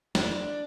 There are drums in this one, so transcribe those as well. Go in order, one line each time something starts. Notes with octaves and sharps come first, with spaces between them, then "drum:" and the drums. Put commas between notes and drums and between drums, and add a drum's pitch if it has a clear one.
D4, drum: snare